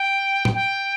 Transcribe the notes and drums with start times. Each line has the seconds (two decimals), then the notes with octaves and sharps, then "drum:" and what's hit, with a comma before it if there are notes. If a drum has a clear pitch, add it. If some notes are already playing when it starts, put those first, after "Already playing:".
Already playing: G5
0.45 drum: tom
0.55 G5